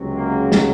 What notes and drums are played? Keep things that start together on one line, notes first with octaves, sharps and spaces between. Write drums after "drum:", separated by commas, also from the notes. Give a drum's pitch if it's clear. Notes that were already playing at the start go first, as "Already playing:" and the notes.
Already playing: C#2 C3 F#3
A#3
drum: snare